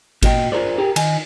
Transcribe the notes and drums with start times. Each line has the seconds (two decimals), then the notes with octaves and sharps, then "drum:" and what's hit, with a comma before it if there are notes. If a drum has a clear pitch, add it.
0.23 A#2 F#4 D#5 G5, drum: kick G#1, cymbal
0.52 F4 G#4 A#4 C5 D5
0.78 G4 G#4 A#4
0.96 D#3 D#5 G#5, drum: cymbal